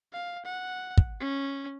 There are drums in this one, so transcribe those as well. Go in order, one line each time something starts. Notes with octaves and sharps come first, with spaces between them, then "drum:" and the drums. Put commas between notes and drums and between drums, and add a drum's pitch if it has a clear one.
F5
F#5
drum: kick
C#4